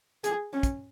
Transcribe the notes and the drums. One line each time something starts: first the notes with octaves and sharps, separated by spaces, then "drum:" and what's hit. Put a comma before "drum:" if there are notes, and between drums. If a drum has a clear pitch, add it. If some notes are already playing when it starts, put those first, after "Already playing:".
G#4, drum: hi-hat
C#4
drum: kick, hi-hat